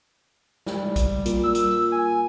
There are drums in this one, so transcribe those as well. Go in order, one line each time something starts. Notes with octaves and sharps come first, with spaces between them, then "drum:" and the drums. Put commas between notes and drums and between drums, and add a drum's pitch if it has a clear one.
G3, drum: snare
drum: kick A#1, hi-hat
A#2, drum: hi-hat
E6
drum: hi-hat
G#5